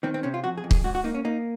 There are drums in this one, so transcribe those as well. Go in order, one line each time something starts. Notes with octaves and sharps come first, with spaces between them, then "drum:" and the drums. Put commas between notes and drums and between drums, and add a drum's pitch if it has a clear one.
D#3 C4
C4
C3 C#4
F4
F2 F#4
G#4
F2
G#4, drum: kick
G#2 F#4
F#4
A#3 D#4
C#4
A#3 D#4